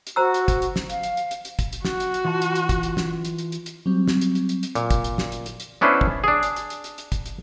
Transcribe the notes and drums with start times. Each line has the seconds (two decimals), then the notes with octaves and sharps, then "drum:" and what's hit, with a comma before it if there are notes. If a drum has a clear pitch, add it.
0.07 drum: hi-hat
0.16 F#4 C5 A#5 E6
0.34 drum: hi-hat
0.48 drum: kick, hi-hat
0.62 drum: hi-hat
0.76 drum: snare
0.90 F5, drum: hi-hat
1.03 drum: hi-hat
1.17 drum: hi-hat
1.31 drum: hi-hat
1.45 drum: hi-hat
1.59 drum: kick, hi-hat
1.73 drum: hi-hat
1.85 F#4, drum: snare
2.00 drum: hi-hat
2.14 drum: hi-hat
2.25 E3 F4 A5
2.42 drum: hi-hat
2.55 drum: hi-hat
2.69 drum: kick, hi-hat
2.83 drum: hi-hat
2.97 drum: snare
3.25 drum: hi-hat
3.38 drum: hi-hat
3.52 drum: hi-hat
3.66 drum: hi-hat
3.86 F#3 G3 C4
4.08 drum: snare
4.21 drum: hi-hat
4.35 drum: hi-hat
4.49 drum: hi-hat
4.63 drum: hi-hat
4.75 A#2, drum: hi-hat
4.91 drum: kick, hi-hat
5.04 drum: hi-hat
5.18 drum: snare
5.32 drum: hi-hat
5.46 drum: hi-hat
5.60 drum: hi-hat
5.81 B3 C#4 D4 E4 B4 C5
6.01 drum: kick
6.24 D4 G#4
6.43 drum: hi-hat
6.56 drum: hi-hat
6.70 drum: hi-hat
6.84 drum: hi-hat
6.98 drum: hi-hat
7.12 drum: kick, hi-hat
7.26 drum: hi-hat